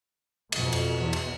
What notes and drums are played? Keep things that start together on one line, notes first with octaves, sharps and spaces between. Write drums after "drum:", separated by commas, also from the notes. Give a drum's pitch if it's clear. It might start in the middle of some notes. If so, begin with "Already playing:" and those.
F2 B2, drum: cymbal
drum: cymbal
E2
drum: cymbal